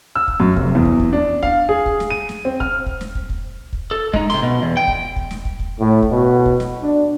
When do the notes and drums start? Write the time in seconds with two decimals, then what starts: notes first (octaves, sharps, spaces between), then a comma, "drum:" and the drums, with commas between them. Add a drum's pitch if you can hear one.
0.15 E6
0.28 drum: kick
0.40 F#2
0.56 F1, drum: kick
0.75 E2
0.85 drum: kick
0.99 drum: kick
1.13 D4
1.43 F5, drum: kick
1.69 G#4
1.86 drum: kick
2.00 drum: snare
2.10 D#7
2.29 drum: snare
2.45 C4
2.60 F6, drum: kick
2.86 drum: kick
3.01 drum: snare
3.15 drum: kick
3.29 drum: kick
3.73 drum: kick
3.91 A4
4.14 G#3 D#4, drum: kick
4.30 C3 C6, drum: snare
4.42 B2
4.62 E2
4.77 G5
4.87 drum: kick
5.16 drum: kick
5.31 drum: snare
5.45 drum: kick
5.59 drum: kick
5.80 A2
6.02 drum: kick
6.12 B2
6.46 drum: kick
6.60 drum: snare
6.82 D4